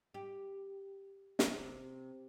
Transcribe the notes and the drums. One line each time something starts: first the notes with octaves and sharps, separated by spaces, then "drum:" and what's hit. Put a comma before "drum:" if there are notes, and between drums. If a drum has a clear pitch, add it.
G4
C3, drum: snare